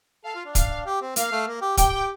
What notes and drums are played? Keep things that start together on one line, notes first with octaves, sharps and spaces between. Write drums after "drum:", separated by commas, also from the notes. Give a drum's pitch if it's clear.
A4 F5
F4
D4
F5, drum: kick, hi-hat
G4
C4
A#3 F5, drum: hi-hat
A3
A#3
G4
G4 G5, drum: kick, hi-hat
G4